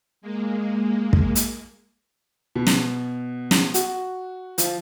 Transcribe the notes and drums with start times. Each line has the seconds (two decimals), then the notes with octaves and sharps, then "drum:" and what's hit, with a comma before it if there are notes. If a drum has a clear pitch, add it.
0.22 G#3 A#3
1.13 drum: kick
1.35 drum: hi-hat
2.55 B2
2.67 drum: snare
3.51 drum: snare
3.74 F#4, drum: hi-hat
4.58 F3, drum: hi-hat